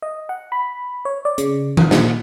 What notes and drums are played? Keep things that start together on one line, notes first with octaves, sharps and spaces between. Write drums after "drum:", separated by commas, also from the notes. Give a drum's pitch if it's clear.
D#5
F#5
B5
C#5
D5
C#3, drum: hi-hat
D#3, drum: tom D#3
A#2, drum: snare